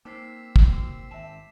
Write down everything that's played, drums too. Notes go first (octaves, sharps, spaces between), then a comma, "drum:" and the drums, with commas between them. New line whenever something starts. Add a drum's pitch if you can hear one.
A#3 C4 D#4 C5 D6 E6 B6 C7
drum: kick
F#4
G#1 E5 A5 E7